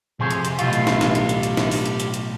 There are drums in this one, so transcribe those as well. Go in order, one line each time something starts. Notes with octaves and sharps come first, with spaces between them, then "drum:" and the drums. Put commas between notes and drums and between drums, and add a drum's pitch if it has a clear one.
F2 C3 G#4 C5
drum: hi-hat
drum: hi-hat
B1 A2 F4 G4 D#5, drum: hi-hat
drum: hi-hat
drum: snare
drum: snare
drum: hi-hat
drum: hi-hat
drum: hi-hat
drum: snare
drum: open hi-hat
drum: hi-hat
drum: hi-hat
drum: hi-hat